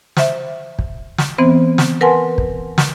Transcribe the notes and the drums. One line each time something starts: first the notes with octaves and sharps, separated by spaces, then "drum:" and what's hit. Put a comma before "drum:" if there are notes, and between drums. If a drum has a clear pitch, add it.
C5 E5, drum: snare
drum: kick
drum: snare
E3 B3 C4 C5
drum: snare
A#4 B4 F#5 G#5 A5 C6
drum: kick
drum: snare